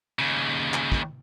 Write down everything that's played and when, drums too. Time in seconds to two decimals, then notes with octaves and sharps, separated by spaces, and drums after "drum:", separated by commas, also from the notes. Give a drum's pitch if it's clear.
0.19 D#2 C#3
0.74 drum: clap
0.92 drum: kick